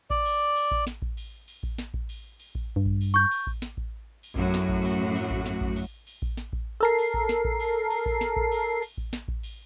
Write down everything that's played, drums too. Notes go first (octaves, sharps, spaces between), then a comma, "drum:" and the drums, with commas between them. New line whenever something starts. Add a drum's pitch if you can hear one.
D5, drum: kick A1
drum: cymbal
drum: cymbal
drum: kick A1
drum: snare
drum: kick A1
drum: cymbal
drum: cymbal
drum: kick A1
drum: snare
drum: kick A1
drum: cymbal
drum: cymbal
drum: kick A1
G2
drum: kick A1
drum: cymbal
C#6 G6
drum: cymbal
drum: kick A1
drum: snare
drum: kick A1
drum: cymbal
F#2 A2 F#4, drum: kick A1
drum: snare
drum: kick A1
drum: cymbal
drum: cymbal
drum: kick A1
drum: snare
drum: kick A1
drum: cymbal
drum: cymbal
drum: kick A1
drum: snare
drum: kick A1
A4 A#4 C7
drum: cymbal
drum: kick A1
drum: snare
drum: kick A1
drum: cymbal
drum: cymbal
drum: kick A1
drum: snare
drum: kick A1
drum: cymbal
drum: cymbal
drum: kick A1
drum: snare
drum: kick A1
drum: cymbal